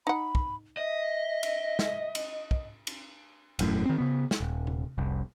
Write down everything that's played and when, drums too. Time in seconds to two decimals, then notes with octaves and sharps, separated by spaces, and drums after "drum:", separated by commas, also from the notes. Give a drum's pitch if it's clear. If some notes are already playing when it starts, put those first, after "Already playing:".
0.07 D#4 F#5 B5
0.35 drum: kick
0.77 D#5 E5
1.43 drum: cymbal
1.79 drum: snare
2.15 drum: cymbal
2.51 drum: kick
2.87 drum: cymbal
3.59 E1 F#2 A2, drum: cymbal
3.85 D#3 C4
3.98 C#3 B3
4.31 drum: snare
4.40 D#1
4.67 drum: tom C3
4.98 F1 C2